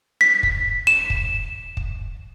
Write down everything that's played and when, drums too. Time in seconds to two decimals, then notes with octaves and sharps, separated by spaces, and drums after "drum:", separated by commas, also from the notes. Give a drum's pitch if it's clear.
0.21 B6
0.43 drum: kick
0.87 E7
1.10 drum: kick
1.77 drum: kick